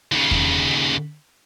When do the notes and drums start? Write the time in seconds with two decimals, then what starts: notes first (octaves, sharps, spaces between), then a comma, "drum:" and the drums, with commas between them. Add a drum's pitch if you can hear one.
0.12 D#2 C#3
0.31 drum: kick E2